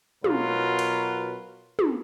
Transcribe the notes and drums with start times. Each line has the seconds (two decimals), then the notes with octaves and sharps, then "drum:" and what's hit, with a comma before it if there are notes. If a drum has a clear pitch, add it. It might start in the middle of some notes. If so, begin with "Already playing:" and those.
0.24 B2 F#3 F4 A#4 B4, drum: tom
0.79 drum: cymbal
1.79 drum: tom